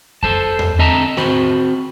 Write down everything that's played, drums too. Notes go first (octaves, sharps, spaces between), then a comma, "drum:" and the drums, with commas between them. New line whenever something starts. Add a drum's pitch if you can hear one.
A4 C5 A5, drum: kick F2
drum: tom E2
D3 C4 D#5 E5 A5 A#5
C4 F#4 C5 B5, drum: snare A3